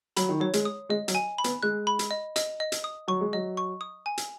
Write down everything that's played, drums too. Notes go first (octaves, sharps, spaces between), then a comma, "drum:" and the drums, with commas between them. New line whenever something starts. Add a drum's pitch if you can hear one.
F#3 B5, drum: hi-hat
D#3
F#3 C#5
G#3, drum: hi-hat
D#6
G#3 D#5
F#3, drum: hi-hat
G#5
B5
B3, drum: hi-hat
G#3 F#6
B5
drum: hi-hat
D#5
D#5, drum: hi-hat
D#5
drum: hi-hat
D#6
F#3 C#6
G#3
F#3 D#5
C#6
D#6
G#5
drum: hi-hat